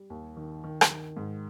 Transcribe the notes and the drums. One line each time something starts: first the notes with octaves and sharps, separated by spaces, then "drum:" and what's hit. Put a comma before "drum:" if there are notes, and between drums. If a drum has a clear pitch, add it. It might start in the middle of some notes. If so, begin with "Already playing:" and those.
Already playing: G3
D#2
D#3
D#3
drum: rim click
D#3
G#2